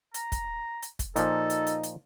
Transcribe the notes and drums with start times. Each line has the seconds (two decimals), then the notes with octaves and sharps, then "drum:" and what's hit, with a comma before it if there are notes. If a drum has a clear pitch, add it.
0.14 A#5, drum: hi-hat
0.32 drum: kick, hi-hat
0.82 drum: hi-hat
0.99 drum: kick, hi-hat
1.16 A#2 F3 D#4 A4, drum: hi-hat
1.50 drum: hi-hat
1.67 drum: hi-hat
1.83 drum: hi-hat